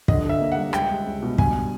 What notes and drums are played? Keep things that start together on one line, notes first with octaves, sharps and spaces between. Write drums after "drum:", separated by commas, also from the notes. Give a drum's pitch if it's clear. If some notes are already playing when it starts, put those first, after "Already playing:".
D3 D#5, drum: kick
D3 E5
A#3
F#5
G3
C#2 G5, drum: rim click
C#2
C#2
B2
G2 G#5, drum: kick